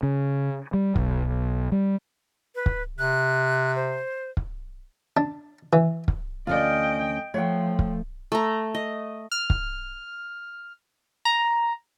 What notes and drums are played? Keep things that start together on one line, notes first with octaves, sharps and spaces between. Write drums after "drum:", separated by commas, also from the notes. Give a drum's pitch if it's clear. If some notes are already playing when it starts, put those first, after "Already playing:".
C#3
G3
B1, drum: kick
G3
B4
drum: kick
C3 F#6
C5
drum: kick
D4
E3
drum: kick
D2 C#4 F4 D5 D#5 G5
F3 A3 C#5 F#5 G5
drum: kick
A3 A#5
D#5
F6
drum: kick
A#5